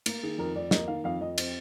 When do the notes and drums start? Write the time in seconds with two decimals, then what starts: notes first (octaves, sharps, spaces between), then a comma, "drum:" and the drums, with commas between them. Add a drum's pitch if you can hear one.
0.06 A#3, drum: cymbal
0.23 D#3 G#4
0.38 F2 A#4
0.55 F2 D5
0.71 A#3 D#5, drum: snare
0.88 D#3 F5
1.04 F2 F5
1.21 F2 D#5
1.38 C4, drum: cymbal